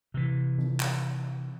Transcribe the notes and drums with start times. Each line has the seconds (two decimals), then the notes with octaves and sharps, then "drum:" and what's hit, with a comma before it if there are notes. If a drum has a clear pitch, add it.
0.14 C3 E3
0.58 drum: tom D#3
0.80 drum: clap